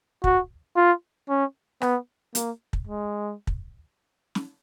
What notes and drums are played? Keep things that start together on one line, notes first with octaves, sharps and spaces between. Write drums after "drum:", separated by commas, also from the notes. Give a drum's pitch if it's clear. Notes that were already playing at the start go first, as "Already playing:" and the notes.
F#4, drum: kick
F4
C#4
B3, drum: rim click
A#3, drum: hi-hat
drum: kick
G#3
drum: kick
drum: snare